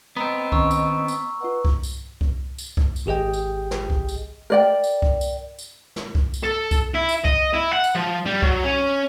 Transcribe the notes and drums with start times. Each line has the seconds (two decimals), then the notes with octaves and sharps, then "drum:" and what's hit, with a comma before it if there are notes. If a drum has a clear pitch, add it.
0.16 B3 C4 D#5 A#5
0.52 D#3 C#4 A#5 C#6 E6, drum: kick C2
0.71 drum: tambourine
1.08 drum: tambourine
1.41 F4 B4 D#5 F#5
1.65 drum: kick C2
1.83 drum: tambourine
2.21 drum: kick C2
2.58 drum: tambourine
2.77 drum: kick C2
2.96 drum: tambourine
3.06 G#1 G4 G#4 D#5 G5
3.33 drum: tambourine
3.71 drum: snare
3.90 drum: kick C2
4.09 drum: tambourine
4.50 A#4 D5 G5
4.84 drum: tambourine
5.02 drum: kick C2
5.21 drum: tambourine
5.59 drum: tambourine
5.96 drum: snare
6.15 drum: kick C2
6.34 drum: tambourine
6.43 A4
6.71 drum: kick C2, tambourine
6.95 E4
7.09 drum: tambourine
7.25 D#5, drum: kick C2
7.54 E4
7.73 F#5
7.84 drum: tambourine
7.95 F3
8.26 G3
8.42 F#3, drum: kick C2
8.64 C#4